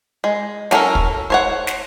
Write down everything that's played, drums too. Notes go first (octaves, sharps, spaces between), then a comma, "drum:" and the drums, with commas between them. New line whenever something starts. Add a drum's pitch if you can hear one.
G#3
F#3 C#4 A4 A#4, drum: snare
drum: kick
C5 C#5 F#5
drum: snare